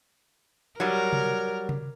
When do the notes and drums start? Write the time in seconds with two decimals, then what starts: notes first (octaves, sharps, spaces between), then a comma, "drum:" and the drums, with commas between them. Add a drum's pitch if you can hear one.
0.80 F#3 G3 A#4
1.13 drum: tom C3
1.69 drum: tom C3